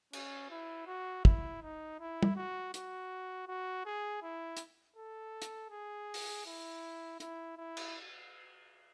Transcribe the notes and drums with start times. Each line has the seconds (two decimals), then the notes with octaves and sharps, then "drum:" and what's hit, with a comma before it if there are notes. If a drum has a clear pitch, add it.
0.13 C#4, drum: cymbal
0.50 E4
0.87 F#4
1.25 E4, drum: kick
1.63 D#4
2.00 E4
2.23 drum: tom
2.36 F#4
2.74 F#4, drum: hi-hat
3.48 F#4
3.86 G#4
4.22 E4
4.57 drum: hi-hat
4.96 A4
5.42 drum: hi-hat
5.71 G#4
6.14 drum: open hi-hat
6.46 E4
7.20 E4, drum: hi-hat
7.57 E4
7.77 drum: cymbal